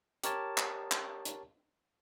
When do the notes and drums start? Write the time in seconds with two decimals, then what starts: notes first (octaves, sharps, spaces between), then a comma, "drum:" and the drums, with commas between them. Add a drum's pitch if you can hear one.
0.24 G4 A#4 C#5 A5, drum: hi-hat
0.57 drum: clap
0.91 drum: clap
1.25 drum: hi-hat